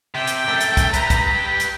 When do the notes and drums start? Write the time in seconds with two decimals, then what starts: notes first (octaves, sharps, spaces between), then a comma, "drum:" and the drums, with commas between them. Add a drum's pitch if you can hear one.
0.14 C3 G5
0.27 drum: hi-hat
0.48 F#2 A3
0.61 drum: hi-hat
0.77 drum: kick C2, hi-hat
0.94 G4 B4 A#5, drum: hi-hat
1.10 drum: kick C2, hi-hat
1.35 G5
1.60 drum: hi-hat